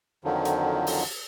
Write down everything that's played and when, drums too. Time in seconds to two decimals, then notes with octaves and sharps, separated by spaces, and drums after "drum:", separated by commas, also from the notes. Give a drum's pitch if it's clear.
0.24 F2 D3 D#3 F3 F#3
0.45 drum: hi-hat
0.87 drum: open hi-hat